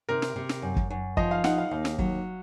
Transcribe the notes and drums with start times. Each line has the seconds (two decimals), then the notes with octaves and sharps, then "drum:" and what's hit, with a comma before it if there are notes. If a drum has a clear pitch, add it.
0.09 C3 A#4
0.22 drum: snare
0.36 C3
0.49 drum: snare
0.62 F#2
0.76 drum: kick
0.90 F#2
1.17 F3 D#5, drum: kick
1.31 F5
1.44 D#4 F#5, drum: snare
1.58 F5
1.71 D#2 F5
1.85 drum: snare
1.98 F#3, drum: kick